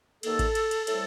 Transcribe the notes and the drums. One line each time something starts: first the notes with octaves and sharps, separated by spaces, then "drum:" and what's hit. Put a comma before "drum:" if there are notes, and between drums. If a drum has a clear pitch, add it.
D#2 D#3 A#3 A4, drum: cymbal
drum: kick A1, cymbal
drum: cymbal
drum: cymbal
A2 G3 C4 A4, drum: cymbal